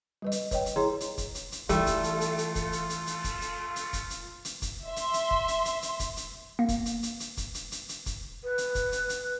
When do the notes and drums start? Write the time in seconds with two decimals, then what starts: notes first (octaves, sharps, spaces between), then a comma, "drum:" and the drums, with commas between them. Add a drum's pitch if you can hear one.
0.22 G3 B4 D#5
0.32 drum: hi-hat
0.51 B4 C#5 D#5 G5, drum: kick, hi-hat
0.66 drum: hi-hat
0.76 E4 G#4 C#5 A#5 C6
1.00 drum: hi-hat
1.18 drum: kick, hi-hat
1.35 drum: hi-hat
1.52 drum: hi-hat
1.69 E3 G3 A3 F4, drum: hi-hat
1.87 drum: kick, hi-hat
2.04 drum: hi-hat
2.21 drum: hi-hat
2.38 drum: hi-hat
2.55 drum: kick, hi-hat
2.73 drum: hi-hat
2.90 drum: hi-hat
3.07 drum: hi-hat
3.24 drum: kick, hi-hat
3.41 drum: hi-hat
3.76 drum: hi-hat
3.93 drum: kick, hi-hat
4.10 drum: hi-hat
4.45 drum: hi-hat
4.62 drum: kick, hi-hat
4.86 E5 C6
4.96 drum: hi-hat
5.14 drum: hi-hat
5.31 drum: kick
5.48 drum: hi-hat
5.65 drum: hi-hat
5.82 drum: hi-hat
6.00 drum: kick, hi-hat
6.17 drum: hi-hat
6.59 A#3
6.68 drum: kick, hi-hat
6.86 drum: hi-hat
7.03 drum: hi-hat
7.20 drum: hi-hat
7.37 drum: kick, hi-hat
7.55 drum: hi-hat
7.72 drum: hi-hat
7.89 drum: hi-hat
8.06 drum: kick, hi-hat
8.44 B4
8.58 drum: hi-hat
8.75 drum: kick, hi-hat
8.92 drum: hi-hat
9.09 drum: hi-hat